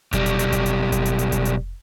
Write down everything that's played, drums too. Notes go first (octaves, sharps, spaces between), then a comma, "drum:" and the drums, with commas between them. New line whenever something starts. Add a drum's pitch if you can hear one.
B1 G3, drum: kick F1, hi-hat
drum: hi-hat
drum: hi-hat
drum: kick F1, hi-hat
drum: hi-hat
drum: kick F1, hi-hat
drum: hi-hat
drum: hi-hat
drum: kick F1, hi-hat
drum: hi-hat